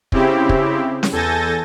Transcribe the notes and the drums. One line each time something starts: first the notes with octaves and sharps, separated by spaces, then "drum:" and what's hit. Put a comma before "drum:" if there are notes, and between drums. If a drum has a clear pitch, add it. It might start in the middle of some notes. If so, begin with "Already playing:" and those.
C#3 C4 E4 G4, drum: kick
drum: kick
drum: snare C#4
E2 A4 G#5 G6 A6 A#6